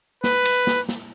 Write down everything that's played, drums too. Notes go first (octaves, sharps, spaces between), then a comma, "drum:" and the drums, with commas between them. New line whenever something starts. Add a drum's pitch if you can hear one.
B4, drum: snare
drum: cymbal
drum: snare
drum: snare